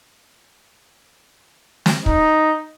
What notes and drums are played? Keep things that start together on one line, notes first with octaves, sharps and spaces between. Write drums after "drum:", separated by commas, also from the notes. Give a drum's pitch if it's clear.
drum: snare
D#4, drum: kick